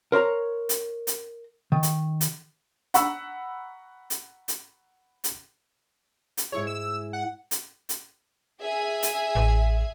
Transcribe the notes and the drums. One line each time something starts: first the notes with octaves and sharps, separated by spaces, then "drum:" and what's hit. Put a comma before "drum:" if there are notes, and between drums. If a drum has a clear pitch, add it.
A#4 C5 C#5 A#5
drum: hi-hat
drum: hi-hat
D#3
drum: hi-hat
drum: hi-hat
F#5 A#5 B5 C#6 E6, drum: hi-hat
drum: hi-hat
drum: hi-hat
drum: hi-hat
drum: hi-hat
G#2 E4 G#4 C#5
E6
F#5
drum: hi-hat
drum: hi-hat
G#4 E5 G#5
drum: hi-hat
A1